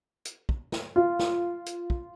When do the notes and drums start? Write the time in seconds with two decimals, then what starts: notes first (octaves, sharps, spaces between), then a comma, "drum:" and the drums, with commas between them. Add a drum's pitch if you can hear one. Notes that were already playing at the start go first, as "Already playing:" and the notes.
0.25 drum: hi-hat
0.49 drum: kick
0.72 drum: snare
0.96 F4
1.19 drum: snare
1.66 drum: hi-hat
1.90 drum: kick